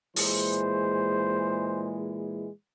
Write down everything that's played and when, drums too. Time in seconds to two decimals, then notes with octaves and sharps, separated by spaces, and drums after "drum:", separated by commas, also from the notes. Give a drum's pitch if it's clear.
0.16 A#2 E3 G#3 C5, drum: open hi-hat